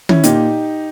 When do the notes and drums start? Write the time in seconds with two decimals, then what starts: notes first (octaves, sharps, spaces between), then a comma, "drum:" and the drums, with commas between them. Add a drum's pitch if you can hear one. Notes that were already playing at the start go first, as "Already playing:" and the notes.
0.09 C#4 E4, drum: tom D#3
0.23 A#2 A#3 D#4 G4, drum: hi-hat